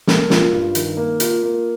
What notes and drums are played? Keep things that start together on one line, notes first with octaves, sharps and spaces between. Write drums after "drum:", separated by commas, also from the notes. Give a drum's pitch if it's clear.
A#3 A4, drum: snare
F4, drum: snare
G2
D#3, drum: hi-hat
A#3
F4, drum: hi-hat
A#3